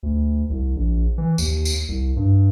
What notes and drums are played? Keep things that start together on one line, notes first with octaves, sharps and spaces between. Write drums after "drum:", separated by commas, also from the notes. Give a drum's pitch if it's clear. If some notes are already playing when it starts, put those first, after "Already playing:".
D2
C2
A#1
E3
D#2, drum: tambourine
drum: tambourine
C2
G2